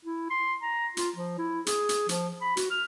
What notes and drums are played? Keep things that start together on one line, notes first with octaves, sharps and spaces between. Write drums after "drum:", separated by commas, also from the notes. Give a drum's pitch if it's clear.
E4
C6
A#5
F4, drum: hi-hat
F3
E4
G#4, drum: hi-hat
drum: hi-hat
F3, drum: hi-hat
B5
F#4, drum: hi-hat
F6